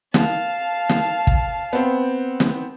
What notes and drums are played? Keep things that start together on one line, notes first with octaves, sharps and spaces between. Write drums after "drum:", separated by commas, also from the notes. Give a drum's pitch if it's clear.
F5 A5, drum: snare
drum: snare
drum: kick
B3 C4
drum: snare